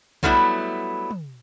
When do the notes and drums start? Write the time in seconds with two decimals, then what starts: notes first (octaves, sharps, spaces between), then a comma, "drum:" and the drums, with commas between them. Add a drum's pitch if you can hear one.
0.23 F#3 G3 A3 B3 E4, drum: kick B1
1.11 drum: tom